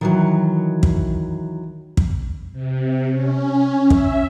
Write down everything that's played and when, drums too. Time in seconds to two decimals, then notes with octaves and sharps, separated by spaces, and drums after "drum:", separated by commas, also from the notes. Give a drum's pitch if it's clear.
0.01 D#3 E3 F#3
0.83 drum: kick
1.97 drum: kick
2.52 C3
3.12 C#4
3.90 E5, drum: kick